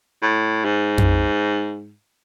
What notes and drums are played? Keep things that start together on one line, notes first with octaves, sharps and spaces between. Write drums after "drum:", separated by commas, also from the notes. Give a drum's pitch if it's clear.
A2
G#2
drum: tom F2